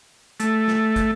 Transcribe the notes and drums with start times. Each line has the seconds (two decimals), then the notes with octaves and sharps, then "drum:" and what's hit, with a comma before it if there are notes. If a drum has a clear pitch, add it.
0.40 A3, drum: hi-hat
0.68 drum: snare
0.96 drum: kick, hi-hat